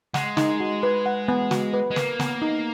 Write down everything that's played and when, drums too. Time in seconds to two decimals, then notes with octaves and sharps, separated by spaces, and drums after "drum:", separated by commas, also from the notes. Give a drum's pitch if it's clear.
0.14 G#3 F#5, drum: snare
0.37 D#4, drum: snare
0.60 F#4
0.83 B4
1.06 F#5
1.28 B3
1.51 F#4, drum: snare
1.74 B4
1.91 G#3
1.96 A#3 B4, drum: snare
2.20 B3, drum: snare
2.42 D#4